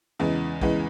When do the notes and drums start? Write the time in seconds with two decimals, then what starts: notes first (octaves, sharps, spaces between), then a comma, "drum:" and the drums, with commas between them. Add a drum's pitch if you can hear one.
0.19 E2 C#3 E3 G#3
0.61 E2 C#3 E3 G#3, drum: kick B1